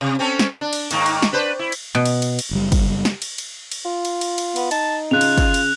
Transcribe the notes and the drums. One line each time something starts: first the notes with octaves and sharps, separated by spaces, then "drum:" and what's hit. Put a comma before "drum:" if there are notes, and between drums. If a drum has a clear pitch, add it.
C3
C4 C#4 A4
drum: snare
D4
drum: cymbal
G#2 D#3 A#3, drum: cymbal
drum: cymbal
drum: snare
D4 B4 C5
E4
drum: cymbal
B2
drum: cymbal
drum: cymbal
drum: cymbal
F#1 G3
drum: kick, cymbal
drum: snare
drum: cymbal
drum: cymbal
drum: cymbal
F4
drum: cymbal
drum: cymbal
drum: cymbal
B3, drum: cymbal
D#4 A5, drum: cymbal
C#3 F4 F#6 F7
drum: cymbal
drum: kick, cymbal
drum: cymbal